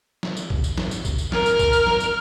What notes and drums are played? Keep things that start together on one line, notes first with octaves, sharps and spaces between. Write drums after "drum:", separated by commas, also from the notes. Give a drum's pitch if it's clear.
drum: snare
drum: tambourine
drum: kick
drum: tambourine
drum: snare
drum: tambourine
drum: kick, tambourine
drum: tambourine
A#4 F6, drum: snare
drum: tambourine
drum: kick, tambourine
drum: tambourine
drum: snare
drum: tambourine